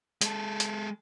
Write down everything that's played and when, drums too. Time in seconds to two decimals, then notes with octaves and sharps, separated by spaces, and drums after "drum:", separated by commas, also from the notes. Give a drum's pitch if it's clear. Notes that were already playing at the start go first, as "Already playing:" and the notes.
0.21 G#3 A4, drum: hi-hat
0.60 drum: hi-hat